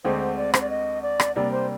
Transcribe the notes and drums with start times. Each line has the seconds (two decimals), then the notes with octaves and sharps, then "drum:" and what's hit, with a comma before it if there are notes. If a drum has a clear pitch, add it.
0.04 D2 D3 G#3 C4 C5
0.37 D5
0.54 C5, drum: rim click
0.61 D5
0.70 D#5
1.03 D5
1.20 drum: rim click
1.36 C3 G3 A#3 D4 D5
1.52 C5